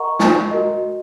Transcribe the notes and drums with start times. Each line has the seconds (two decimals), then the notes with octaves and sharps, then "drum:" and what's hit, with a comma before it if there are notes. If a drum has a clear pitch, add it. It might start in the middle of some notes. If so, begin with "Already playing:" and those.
Already playing: A#4 D#5 F#5 A#5 C#6
0.19 drum: snare
0.51 F#4 A#4 D#5